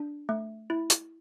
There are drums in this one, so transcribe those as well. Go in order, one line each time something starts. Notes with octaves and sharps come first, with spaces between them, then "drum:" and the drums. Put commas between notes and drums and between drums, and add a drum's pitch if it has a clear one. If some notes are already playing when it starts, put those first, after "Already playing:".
Already playing: D4
A3
E4
drum: hi-hat